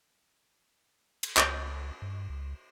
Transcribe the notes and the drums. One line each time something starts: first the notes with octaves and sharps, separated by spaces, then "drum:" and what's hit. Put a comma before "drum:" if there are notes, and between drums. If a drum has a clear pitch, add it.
drum: cymbal
C#2, drum: clap
G2
C#2